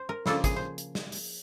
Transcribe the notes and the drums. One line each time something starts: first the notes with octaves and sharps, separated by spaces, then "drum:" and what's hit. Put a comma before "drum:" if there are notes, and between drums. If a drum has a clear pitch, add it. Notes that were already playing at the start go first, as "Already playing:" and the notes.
Already playing: C5
A#4
C#3 F3 A#3 D4 F4 A4, drum: snare
G#4, drum: kick, hi-hat
C5
drum: hi-hat
drum: snare
drum: open hi-hat